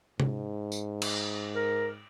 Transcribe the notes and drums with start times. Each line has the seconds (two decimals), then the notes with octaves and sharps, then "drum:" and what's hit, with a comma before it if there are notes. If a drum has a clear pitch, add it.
0.20 G#2, drum: tom C3
0.72 drum: tambourine
1.02 drum: cymbal
1.56 A#4